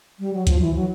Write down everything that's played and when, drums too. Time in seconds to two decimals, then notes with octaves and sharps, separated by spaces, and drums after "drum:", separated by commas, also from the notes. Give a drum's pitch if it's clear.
0.19 G3
0.34 F#3
0.47 F3, drum: kick C#2, hi-hat
0.60 E3
0.75 F#3